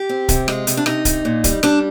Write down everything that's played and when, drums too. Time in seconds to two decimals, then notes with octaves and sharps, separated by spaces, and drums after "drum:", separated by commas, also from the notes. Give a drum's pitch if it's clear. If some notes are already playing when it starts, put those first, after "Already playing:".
Already playing: G4
0.09 C4
0.29 C3, drum: kick C#1, hi-hat
0.48 G#3 F4, drum: rim click
0.67 C3, drum: hi-hat
0.77 D4
0.86 C3 D#4, drum: rim click
1.05 C3, drum: kick C#1, hi-hat
1.25 A#2
1.44 G3, drum: kick C#1, hi-hat
1.63 G3 D4, drum: rim click